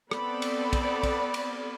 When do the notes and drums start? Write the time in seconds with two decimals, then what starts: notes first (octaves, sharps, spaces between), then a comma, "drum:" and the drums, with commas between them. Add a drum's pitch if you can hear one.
0.11 B3 C4 A4 D5 B5, drum: rim click
0.42 drum: cymbal
0.73 drum: kick, cymbal
1.03 drum: kick, cymbal
1.34 drum: cymbal